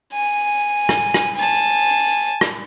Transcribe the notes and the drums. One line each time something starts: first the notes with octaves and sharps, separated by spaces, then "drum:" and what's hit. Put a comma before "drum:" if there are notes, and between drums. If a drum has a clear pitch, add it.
G#5
drum: rim click
drum: rim click
G#5 A5
drum: rim click